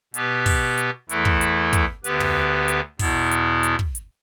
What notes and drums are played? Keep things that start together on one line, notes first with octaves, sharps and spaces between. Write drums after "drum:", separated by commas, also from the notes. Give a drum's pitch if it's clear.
B2 B3 G4 B4, drum: hi-hat
drum: kick, open hi-hat
drum: hi-hat
E2 E3 A3 E4 A4, drum: hi-hat
drum: kick
drum: hi-hat
drum: kick, hi-hat
D2 D3 B3 G4 B4, drum: hi-hat
drum: tom
drum: hi-hat
E2 B2 B3 E4, drum: kick, open hi-hat
drum: hi-hat
drum: hi-hat
drum: kick
drum: hi-hat